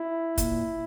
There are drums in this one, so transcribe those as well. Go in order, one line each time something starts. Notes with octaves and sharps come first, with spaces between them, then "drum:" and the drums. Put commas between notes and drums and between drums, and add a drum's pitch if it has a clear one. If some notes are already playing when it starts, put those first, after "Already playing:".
Already playing: E4
A#2, drum: kick, hi-hat